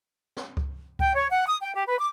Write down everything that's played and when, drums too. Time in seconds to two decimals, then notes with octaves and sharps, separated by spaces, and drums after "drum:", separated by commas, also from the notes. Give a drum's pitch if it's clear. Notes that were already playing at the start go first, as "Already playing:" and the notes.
0.37 drum: snare
0.57 drum: kick C#2
0.99 G5, drum: kick C#2
1.15 C#5
1.29 F#5
1.47 D#6
1.62 G5
1.74 G4
1.87 B4
1.99 D6